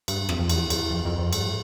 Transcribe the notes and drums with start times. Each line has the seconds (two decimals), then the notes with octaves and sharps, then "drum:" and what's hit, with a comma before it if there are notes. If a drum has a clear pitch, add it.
0.08 G2, drum: cymbal
0.29 F2, drum: rim click
0.39 F2
0.49 E2, drum: cymbal
0.70 E2, drum: cymbal
0.91 F2
1.05 F2
1.18 F2
1.33 G2, drum: cymbal
1.43 A2